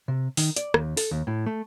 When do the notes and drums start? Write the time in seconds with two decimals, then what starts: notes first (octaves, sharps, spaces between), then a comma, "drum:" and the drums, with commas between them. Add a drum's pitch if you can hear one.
0.08 C3
0.37 D#3, drum: open hi-hat
0.56 D5, drum: hi-hat
0.74 D#2, drum: rim click
0.97 A4, drum: open hi-hat
1.11 D#2
1.27 A2
1.46 A3